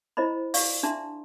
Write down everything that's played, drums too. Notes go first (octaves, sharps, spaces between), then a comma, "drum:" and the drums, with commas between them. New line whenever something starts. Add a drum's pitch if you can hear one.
E4 C5 D#5 A#5 B5
D5 F5 C#6, drum: open hi-hat
D4 G#4 E5 A5 A#5 C6